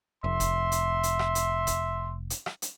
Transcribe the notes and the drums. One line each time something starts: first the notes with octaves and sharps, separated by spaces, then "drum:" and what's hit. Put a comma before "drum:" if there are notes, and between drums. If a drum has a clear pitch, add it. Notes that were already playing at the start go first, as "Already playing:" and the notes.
F1 E5 C6
drum: kick E1, hi-hat
drum: hi-hat
drum: hi-hat
drum: rim click
drum: hi-hat
drum: kick E1, hi-hat
drum: hi-hat
drum: rim click
drum: hi-hat